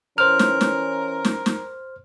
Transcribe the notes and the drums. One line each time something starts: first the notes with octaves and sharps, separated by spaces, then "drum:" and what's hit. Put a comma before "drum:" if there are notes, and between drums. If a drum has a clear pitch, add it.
E3 C#4 A#4 C5 F6
drum: snare
drum: snare
drum: snare
drum: snare